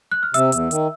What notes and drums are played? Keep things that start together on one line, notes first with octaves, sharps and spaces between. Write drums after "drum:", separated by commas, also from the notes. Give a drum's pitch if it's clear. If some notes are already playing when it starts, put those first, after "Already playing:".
F#6
F6
C3 E5 E6, drum: hi-hat
E2, drum: hi-hat
D#3, drum: hi-hat